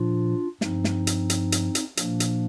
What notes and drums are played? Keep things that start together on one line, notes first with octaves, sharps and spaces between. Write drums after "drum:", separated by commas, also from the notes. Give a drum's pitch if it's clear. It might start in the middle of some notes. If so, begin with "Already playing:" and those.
Already playing: A#2 F3 D4 F4
G2 F3 C4 D#4, drum: snare
drum: snare
drum: hi-hat
drum: hi-hat
drum: hi-hat
drum: hi-hat
A#2 F3 A#3 D4, drum: hi-hat
drum: hi-hat